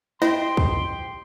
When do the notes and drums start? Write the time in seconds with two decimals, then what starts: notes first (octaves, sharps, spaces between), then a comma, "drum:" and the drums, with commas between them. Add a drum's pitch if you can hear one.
0.22 E4 G4 C5 D#5 G5 C6, drum: snare
0.57 drum: kick